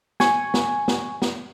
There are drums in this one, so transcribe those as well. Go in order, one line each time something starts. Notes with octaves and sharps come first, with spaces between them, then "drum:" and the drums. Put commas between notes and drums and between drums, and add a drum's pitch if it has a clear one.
G#5 C#6, drum: snare
drum: snare
drum: snare
drum: snare